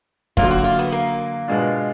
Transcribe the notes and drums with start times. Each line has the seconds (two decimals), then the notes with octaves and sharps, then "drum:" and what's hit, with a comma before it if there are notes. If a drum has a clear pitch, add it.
0.37 D3 F#3 A#3 F4, drum: kick D#1
0.50 F#4
0.64 F4
0.79 B3
0.92 A#3
1.48 B2 G#3 B3 D4 F4